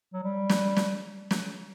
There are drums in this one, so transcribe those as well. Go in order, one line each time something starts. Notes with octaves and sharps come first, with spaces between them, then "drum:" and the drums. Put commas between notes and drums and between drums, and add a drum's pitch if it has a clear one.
F#3
G3
drum: snare
drum: snare
drum: snare